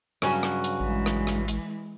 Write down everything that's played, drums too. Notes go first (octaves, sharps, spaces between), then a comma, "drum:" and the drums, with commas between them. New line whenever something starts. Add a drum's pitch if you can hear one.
G2 C#3 F#3 C#4 F#4, drum: rim click
drum: rim click
drum: hi-hat
A1 E3 G#3
drum: rim click
drum: rim click
drum: hi-hat